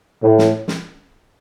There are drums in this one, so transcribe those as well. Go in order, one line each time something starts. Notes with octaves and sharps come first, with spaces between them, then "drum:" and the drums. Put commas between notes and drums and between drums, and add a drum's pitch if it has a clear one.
A2
drum: snare
drum: snare